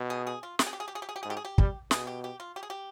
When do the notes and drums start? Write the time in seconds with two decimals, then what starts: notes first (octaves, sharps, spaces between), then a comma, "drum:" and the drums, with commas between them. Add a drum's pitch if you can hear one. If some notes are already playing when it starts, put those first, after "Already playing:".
Already playing: B2
0.10 G#4
0.27 G#4
0.43 F4
0.59 G4, drum: snare
0.67 G#4
0.73 G4
0.80 G#4
0.88 G4
0.95 G#4
1.02 G4
1.09 G#4
1.16 G4
1.23 G#2 G#4
1.30 G4
1.37 G#4
1.45 G4
1.58 G3, drum: kick
1.91 B2 G#4, drum: snare
2.07 G4
2.24 G4
2.40 F4
2.56 G4
2.63 G#4
2.70 G4